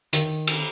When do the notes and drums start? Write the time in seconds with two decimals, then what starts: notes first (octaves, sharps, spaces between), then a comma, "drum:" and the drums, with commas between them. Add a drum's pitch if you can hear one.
0.13 D#3, drum: hi-hat
0.47 drum: cymbal